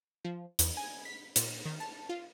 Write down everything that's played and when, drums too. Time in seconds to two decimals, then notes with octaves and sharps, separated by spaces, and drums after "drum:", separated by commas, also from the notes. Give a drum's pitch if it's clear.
0.24 F3
0.59 E2, drum: hi-hat
0.77 G#5
1.05 B6
1.36 A#2, drum: hi-hat
1.65 D#3
1.80 A5
2.09 F4